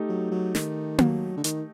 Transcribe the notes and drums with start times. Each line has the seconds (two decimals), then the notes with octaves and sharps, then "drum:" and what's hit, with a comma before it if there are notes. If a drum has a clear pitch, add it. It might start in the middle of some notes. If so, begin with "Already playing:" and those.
Already playing: A3 D#4 G4
0.09 F#3
0.31 F#3
0.55 D#3, drum: snare
0.98 F#3, drum: tom A#3
1.37 D3
1.44 D#3, drum: hi-hat